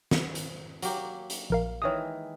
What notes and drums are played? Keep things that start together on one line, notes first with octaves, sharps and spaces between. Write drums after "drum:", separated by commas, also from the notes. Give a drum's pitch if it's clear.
drum: snare
drum: hi-hat
F#3 A#3 G4, drum: hi-hat
drum: hi-hat
A#1 A#4 F5
D#3 E3 G#3 C#5 D#6